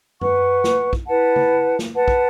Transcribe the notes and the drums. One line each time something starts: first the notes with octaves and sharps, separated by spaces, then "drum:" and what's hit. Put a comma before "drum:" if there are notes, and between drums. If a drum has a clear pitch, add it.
B4 F#5 C#6, drum: tom F#2
drum: snare
drum: kick
E4 B4 F#5 A5
drum: tom C#3
drum: snare
B4 F#5 A5
drum: kick